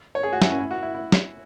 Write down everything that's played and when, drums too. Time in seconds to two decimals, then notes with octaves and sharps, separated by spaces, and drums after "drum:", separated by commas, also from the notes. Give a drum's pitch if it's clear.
0.15 C#5
0.23 G#4
0.33 F#4
0.42 E4, drum: snare
0.50 C#4
0.59 E4
0.71 F#4
0.83 E4
0.94 E4
1.12 drum: snare